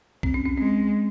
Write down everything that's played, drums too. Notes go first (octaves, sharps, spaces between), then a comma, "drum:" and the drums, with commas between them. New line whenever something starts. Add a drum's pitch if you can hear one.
C4, drum: kick
C#4
C#4
G#3 C4